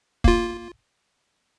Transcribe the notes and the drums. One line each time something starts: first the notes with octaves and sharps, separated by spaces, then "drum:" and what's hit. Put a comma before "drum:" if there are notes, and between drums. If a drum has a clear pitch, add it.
A#3 F4, drum: kick